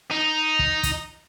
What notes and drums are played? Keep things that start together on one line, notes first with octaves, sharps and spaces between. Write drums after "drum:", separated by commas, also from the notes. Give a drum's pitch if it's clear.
D#4
drum: kick
drum: kick, hi-hat